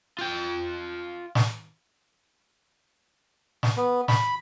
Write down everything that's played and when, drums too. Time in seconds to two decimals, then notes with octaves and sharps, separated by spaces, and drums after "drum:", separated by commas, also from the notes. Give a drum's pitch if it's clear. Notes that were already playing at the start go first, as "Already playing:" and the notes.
0.19 F4 G5
1.35 drum: snare
3.63 drum: snare
3.77 B3
4.08 B5, drum: snare